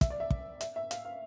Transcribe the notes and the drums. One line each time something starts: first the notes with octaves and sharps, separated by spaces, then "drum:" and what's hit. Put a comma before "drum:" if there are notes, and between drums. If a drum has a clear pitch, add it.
E5, drum: kick, hi-hat
D5
E5
drum: kick
E5, drum: hi-hat
E5
F5, drum: hi-hat
F5